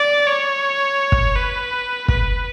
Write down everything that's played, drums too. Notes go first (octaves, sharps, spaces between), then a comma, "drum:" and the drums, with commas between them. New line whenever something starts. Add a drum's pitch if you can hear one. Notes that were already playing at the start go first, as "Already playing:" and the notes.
Already playing: D5
C#5
drum: kick
B4
B4, drum: kick